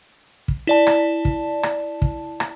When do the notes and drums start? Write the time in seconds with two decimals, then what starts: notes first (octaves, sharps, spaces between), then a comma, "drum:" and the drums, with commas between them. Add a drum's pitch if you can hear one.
0.48 drum: kick
0.67 E4 D5 A5
0.87 drum: rim click
1.25 drum: kick
1.63 drum: rim click
2.02 drum: kick
2.40 drum: rim click